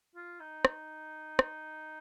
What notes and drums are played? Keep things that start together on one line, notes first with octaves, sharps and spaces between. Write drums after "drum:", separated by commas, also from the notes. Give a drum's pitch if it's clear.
F4
D#4
drum: rim click
drum: rim click